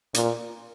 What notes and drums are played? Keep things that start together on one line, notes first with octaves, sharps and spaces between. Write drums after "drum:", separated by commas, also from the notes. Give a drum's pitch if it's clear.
A#2, drum: hi-hat